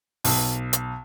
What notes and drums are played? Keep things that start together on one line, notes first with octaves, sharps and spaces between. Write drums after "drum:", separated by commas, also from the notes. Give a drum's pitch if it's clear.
B1, drum: open hi-hat
drum: hi-hat